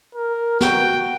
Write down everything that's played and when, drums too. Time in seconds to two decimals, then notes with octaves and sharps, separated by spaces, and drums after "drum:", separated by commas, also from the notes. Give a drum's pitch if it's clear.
0.15 A#4
0.60 F#4 G5, drum: snare